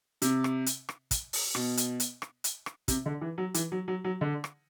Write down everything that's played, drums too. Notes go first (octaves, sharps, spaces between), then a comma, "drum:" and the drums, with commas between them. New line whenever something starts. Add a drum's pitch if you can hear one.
C3, drum: hi-hat
drum: rim click
drum: hi-hat
drum: rim click
drum: kick, hi-hat
drum: open hi-hat
B2, drum: rim click
drum: hi-hat
drum: hi-hat
drum: rim click
drum: hi-hat
drum: rim click
C3, drum: kick, hi-hat
D3
E3
F#3
E3, drum: hi-hat
F#3
F#3
F#3
D3
drum: rim click